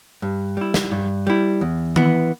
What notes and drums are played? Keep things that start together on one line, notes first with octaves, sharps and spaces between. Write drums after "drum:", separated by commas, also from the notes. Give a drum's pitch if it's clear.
G2
G3 E4
drum: snare
G2
G3 E4
E2
E3 B3, drum: tom D#3